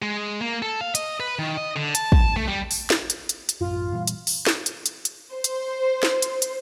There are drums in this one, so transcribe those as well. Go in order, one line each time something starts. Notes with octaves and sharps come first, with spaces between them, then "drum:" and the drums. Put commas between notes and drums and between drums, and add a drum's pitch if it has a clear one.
G#3
A#3
A4
F5
D#5, drum: hi-hat
B4
D#3
D#5
D3
A5, drum: hi-hat
drum: kick
A3
G3
drum: open hi-hat
drum: snare
drum: hi-hat
drum: hi-hat
drum: hi-hat
A1 F#2 F4
A#2 E3 G3
drum: hi-hat
drum: open hi-hat
drum: snare
drum: hi-hat
drum: hi-hat
drum: hi-hat
C5
drum: hi-hat
drum: snare
drum: hi-hat
drum: hi-hat